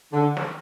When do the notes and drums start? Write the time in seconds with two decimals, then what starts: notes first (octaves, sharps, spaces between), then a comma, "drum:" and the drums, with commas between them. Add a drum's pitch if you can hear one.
0.13 D3
0.37 drum: snare